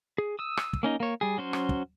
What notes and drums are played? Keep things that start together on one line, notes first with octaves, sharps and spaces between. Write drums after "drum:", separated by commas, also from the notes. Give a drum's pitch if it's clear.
G#4
D#6 E6
drum: rim click
drum: kick
A#3 C#4 D#4
A#3 C#5
G3 G#4
F#3 C#4 C5
drum: rim click
drum: kick